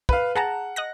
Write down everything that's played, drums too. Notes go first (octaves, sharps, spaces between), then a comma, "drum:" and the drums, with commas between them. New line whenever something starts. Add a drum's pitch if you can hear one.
B4 F5, drum: kick
G#4 F#5 A5 A#5
D#5 F#6 A#6